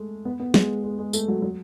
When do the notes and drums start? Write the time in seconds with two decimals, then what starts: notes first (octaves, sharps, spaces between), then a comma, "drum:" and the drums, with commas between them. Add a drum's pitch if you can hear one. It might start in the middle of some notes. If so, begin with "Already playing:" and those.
Already playing: G#3 A3
0.25 B3
0.40 B3
0.54 G#3, drum: snare
0.84 G#3
0.99 G#3
1.13 A3, drum: tambourine
1.28 F#3
1.42 F#3